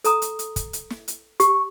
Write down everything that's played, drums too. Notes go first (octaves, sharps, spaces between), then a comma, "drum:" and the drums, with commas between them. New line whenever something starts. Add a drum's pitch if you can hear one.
A4 A#5 D#6, drum: hi-hat
drum: hi-hat
drum: hi-hat
drum: kick, hi-hat
drum: hi-hat
drum: snare
drum: hi-hat
G4 C#6, drum: hi-hat